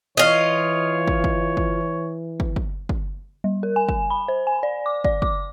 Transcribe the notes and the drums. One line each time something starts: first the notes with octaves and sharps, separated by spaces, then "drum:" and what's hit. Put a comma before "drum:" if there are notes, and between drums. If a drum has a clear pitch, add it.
E3 F4 C#5 D#5
drum: kick
drum: kick
drum: kick
drum: kick
drum: kick
drum: kick
G3
A#4
G#5
G#5, drum: kick
B5
C5
G#5
D5
D6
D5, drum: kick
D6, drum: kick